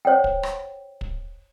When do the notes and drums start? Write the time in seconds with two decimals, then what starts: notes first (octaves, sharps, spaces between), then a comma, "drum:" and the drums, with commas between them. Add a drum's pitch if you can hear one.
0.05 C5 C#5 F#5 G5
0.24 drum: kick
0.43 drum: rim click
1.01 drum: kick